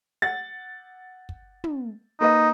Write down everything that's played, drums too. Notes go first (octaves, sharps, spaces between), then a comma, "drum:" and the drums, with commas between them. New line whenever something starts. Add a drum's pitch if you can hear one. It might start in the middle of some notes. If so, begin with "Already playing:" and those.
F#5 A6
drum: kick
drum: tom
A#3 D#4 B4 D#5